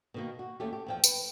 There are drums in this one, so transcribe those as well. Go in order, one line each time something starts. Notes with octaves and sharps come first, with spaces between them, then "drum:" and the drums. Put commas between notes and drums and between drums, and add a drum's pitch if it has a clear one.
B2 D#3 A#3
F#4
D#2 A3 C#4 G4
G4
E2 F3 G5
B4, drum: tambourine